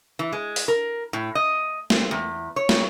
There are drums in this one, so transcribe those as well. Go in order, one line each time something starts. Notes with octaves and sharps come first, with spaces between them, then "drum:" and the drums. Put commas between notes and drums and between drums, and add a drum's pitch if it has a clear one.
E3
G#3
drum: open hi-hat
A#4
A2
D#5
C5, drum: snare
E2
C#5
drum: snare